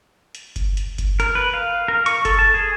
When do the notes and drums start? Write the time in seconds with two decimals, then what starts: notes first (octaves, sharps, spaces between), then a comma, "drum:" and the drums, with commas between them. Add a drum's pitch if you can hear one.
0.35 drum: hi-hat
0.56 drum: kick F#1, hi-hat
0.77 drum: hi-hat
0.98 drum: kick F#1, hi-hat
1.20 A#4, drum: hi-hat
1.35 B4
1.54 F5
1.88 A#4
2.06 C#6, drum: hi-hat
2.25 A4, drum: kick F#1, hi-hat
2.39 A5
2.54 G#4